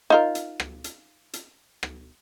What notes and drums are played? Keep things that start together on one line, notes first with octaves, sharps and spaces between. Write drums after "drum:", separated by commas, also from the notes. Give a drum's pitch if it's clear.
D#4 F4 A#4
drum: hi-hat
drum: rim click
drum: hi-hat
drum: hi-hat
drum: rim click